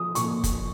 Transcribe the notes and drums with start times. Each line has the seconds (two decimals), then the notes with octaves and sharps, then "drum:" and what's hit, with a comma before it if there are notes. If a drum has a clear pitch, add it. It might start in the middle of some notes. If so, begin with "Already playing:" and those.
Already playing: F3 D#6
0.15 A#2 F3 C#6, drum: hi-hat
0.44 drum: kick, hi-hat